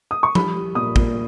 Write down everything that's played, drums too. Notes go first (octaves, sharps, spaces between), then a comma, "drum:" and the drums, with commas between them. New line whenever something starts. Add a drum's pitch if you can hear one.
D#6
C#6
G3 B5, drum: tom F3
G3
A#2 D#6
A#2, drum: kick